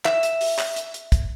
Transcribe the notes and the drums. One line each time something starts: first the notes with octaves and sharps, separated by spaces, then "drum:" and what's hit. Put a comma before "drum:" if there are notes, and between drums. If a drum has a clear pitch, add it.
E5, drum: clap
drum: hi-hat
drum: open hi-hat
drum: clap
drum: hi-hat
drum: hi-hat
drum: kick, hi-hat